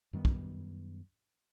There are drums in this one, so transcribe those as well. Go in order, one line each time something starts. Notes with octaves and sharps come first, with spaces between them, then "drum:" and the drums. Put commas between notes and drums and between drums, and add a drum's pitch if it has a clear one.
F#2 D#3 G3 B3
drum: kick